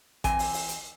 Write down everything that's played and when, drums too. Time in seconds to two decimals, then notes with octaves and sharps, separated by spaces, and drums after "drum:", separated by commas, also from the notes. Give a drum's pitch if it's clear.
0.24 E3 C4 G#5, drum: kick A1, hi-hat
0.39 drum: open hi-hat
0.54 drum: open hi-hat
0.68 drum: hi-hat